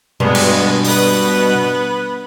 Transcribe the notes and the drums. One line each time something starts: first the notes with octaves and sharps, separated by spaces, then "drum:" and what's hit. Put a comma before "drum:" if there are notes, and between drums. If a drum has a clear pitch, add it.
G2 B2 G#3 B3
drum: cymbal
B3 B4, drum: open hi-hat